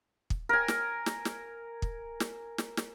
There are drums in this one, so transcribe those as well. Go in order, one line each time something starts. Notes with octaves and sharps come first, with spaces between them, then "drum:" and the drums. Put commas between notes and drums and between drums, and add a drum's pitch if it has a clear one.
drum: kick
A#4 G#5
drum: snare
drum: snare
drum: snare
drum: kick
drum: snare
drum: snare
drum: snare